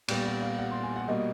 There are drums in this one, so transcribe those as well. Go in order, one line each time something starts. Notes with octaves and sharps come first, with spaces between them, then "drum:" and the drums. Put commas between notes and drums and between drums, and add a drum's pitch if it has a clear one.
A#2 G3 B3 G5, drum: cymbal
F#5
F5
F#5
C6
G#5
F#5
B2 G3 A#3 D#5